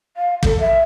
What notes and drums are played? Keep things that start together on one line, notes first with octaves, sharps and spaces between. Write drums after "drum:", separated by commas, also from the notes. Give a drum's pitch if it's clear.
F5
A4, drum: kick
E5